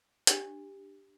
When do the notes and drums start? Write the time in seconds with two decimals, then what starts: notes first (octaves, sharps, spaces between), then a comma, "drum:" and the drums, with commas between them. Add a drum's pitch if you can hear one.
0.27 D4 G4, drum: hi-hat